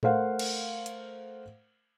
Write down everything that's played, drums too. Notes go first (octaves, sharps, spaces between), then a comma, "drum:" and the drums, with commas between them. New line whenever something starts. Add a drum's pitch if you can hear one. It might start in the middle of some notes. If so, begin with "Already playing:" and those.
A3 A#4 C5 F5 F#5, drum: tom A2
drum: cymbal
drum: hi-hat